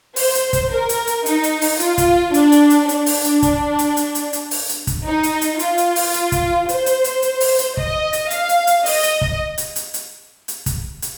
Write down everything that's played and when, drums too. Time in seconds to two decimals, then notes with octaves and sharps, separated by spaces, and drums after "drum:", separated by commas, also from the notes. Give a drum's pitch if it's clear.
0.16 C5, drum: open hi-hat
0.35 drum: hi-hat
0.53 drum: kick, hi-hat
0.71 A#4
0.89 drum: hi-hat
1.07 drum: hi-hat
1.26 D#4, drum: hi-hat
1.43 drum: hi-hat
1.62 drum: open hi-hat
1.80 F4, drum: hi-hat
1.98 drum: kick, hi-hat
2.34 D4, drum: hi-hat
2.52 drum: hi-hat
2.70 drum: hi-hat
2.89 D4, drum: hi-hat
3.06 drum: open hi-hat
3.24 drum: hi-hat
3.42 drum: kick, hi-hat
3.79 drum: hi-hat
3.97 drum: hi-hat
4.15 drum: hi-hat
4.33 drum: hi-hat
4.51 drum: open hi-hat
4.69 drum: hi-hat
4.87 drum: kick, hi-hat
5.05 D#4
5.23 drum: hi-hat
5.41 drum: hi-hat
5.59 F4, drum: hi-hat
5.78 drum: hi-hat
5.96 drum: open hi-hat
6.14 drum: hi-hat
6.32 drum: kick, hi-hat
6.69 C5, drum: hi-hat
6.86 drum: hi-hat
7.04 drum: hi-hat
7.22 drum: hi-hat
7.40 drum: open hi-hat
7.59 drum: hi-hat
7.77 D#5, drum: kick
8.13 drum: hi-hat
8.30 F5, drum: hi-hat
8.49 drum: hi-hat
8.67 drum: hi-hat
8.86 D#5, drum: open hi-hat
9.03 drum: hi-hat
9.21 drum: kick
9.58 drum: hi-hat
9.76 drum: hi-hat
9.94 drum: hi-hat
10.48 drum: hi-hat
10.66 drum: kick, hi-hat
11.02 drum: hi-hat